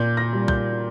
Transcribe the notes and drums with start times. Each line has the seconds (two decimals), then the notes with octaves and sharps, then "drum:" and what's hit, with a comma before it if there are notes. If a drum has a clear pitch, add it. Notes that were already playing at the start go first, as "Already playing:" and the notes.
Already playing: A#2 G6
0.17 A#6
0.33 G3
0.48 G6, drum: kick